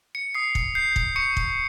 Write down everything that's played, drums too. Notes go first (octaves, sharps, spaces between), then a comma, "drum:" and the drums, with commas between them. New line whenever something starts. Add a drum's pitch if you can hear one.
C#7
D#6 C7
drum: kick
G6 C7
drum: kick
C#6 C#7
drum: kick